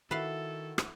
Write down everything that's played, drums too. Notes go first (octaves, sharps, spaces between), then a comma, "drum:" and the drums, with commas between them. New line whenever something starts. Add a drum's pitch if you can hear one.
D#3 E4 F#4 A4 B4 F5
drum: rim click